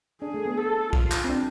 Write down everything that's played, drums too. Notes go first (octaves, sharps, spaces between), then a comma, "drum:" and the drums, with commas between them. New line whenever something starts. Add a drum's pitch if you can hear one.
D4 G#4
A3
B3
A4
F4, drum: kick
drum: clap
C4
D4